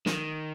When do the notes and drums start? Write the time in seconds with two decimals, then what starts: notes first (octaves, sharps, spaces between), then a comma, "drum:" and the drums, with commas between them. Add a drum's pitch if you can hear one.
0.06 D#3, drum: snare